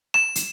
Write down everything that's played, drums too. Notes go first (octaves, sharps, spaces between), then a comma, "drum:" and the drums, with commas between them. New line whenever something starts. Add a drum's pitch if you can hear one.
E7, drum: rim click
drum: hi-hat